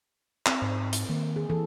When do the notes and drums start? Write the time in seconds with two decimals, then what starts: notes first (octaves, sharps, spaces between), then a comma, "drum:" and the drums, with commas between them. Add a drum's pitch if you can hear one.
0.46 C4, drum: clap
0.62 G#2
0.93 drum: hi-hat
1.09 D#3 A#3
1.36 G#4
1.50 E3 A4